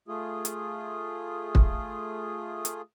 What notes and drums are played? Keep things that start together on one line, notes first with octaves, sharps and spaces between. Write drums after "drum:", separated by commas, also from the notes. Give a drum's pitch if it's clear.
A3 F4 G#4
drum: hi-hat
drum: kick
drum: hi-hat